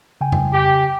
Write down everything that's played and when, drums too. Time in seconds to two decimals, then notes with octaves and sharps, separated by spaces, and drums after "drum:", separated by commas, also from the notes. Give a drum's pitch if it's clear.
0.21 C#3 G5 G#5
0.32 drum: tom F2
0.53 G4